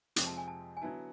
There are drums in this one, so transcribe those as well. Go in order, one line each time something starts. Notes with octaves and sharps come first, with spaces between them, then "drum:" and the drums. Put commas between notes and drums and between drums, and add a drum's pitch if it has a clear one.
F2 C3 F3 G#3 C4, drum: hi-hat
A5
G#5
A5
G#5
D3 F#3 B3 E4 A5